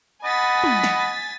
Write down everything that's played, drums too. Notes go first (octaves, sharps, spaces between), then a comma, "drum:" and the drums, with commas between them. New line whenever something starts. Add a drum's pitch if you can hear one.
D#5 F#5 G#5 B5 A6 B6
drum: tom
drum: snare